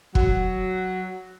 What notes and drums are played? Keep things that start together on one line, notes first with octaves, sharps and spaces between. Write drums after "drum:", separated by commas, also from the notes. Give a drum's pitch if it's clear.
F#3, drum: kick